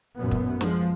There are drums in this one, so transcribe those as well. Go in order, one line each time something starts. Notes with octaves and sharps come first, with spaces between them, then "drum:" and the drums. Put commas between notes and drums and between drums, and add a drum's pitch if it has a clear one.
A1 F#2 A#2 B3
drum: kick
F3 G#3, drum: snare